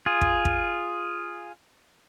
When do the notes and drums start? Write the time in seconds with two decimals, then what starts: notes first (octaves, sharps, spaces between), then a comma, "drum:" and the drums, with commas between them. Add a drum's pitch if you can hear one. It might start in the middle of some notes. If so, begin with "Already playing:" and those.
0.06 F4 G#4
0.21 drum: kick
0.45 drum: kick